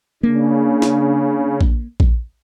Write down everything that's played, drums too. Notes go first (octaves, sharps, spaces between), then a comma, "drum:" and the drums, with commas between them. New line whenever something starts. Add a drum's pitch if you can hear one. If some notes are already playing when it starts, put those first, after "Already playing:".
C#3 A#3 D4
drum: snare
drum: kick A#1
drum: kick A#1